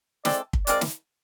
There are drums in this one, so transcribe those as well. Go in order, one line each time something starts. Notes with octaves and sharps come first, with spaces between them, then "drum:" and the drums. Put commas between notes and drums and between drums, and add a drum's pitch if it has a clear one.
G#3 C4 E4 A4 D5, drum: snare
drum: kick
G#3 C4 F4 A#4 D5, drum: hi-hat
drum: snare